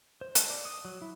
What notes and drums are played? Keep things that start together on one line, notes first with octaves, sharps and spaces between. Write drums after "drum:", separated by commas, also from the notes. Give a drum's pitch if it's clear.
C5
A5, drum: hi-hat
D5
D#6
F#3
E4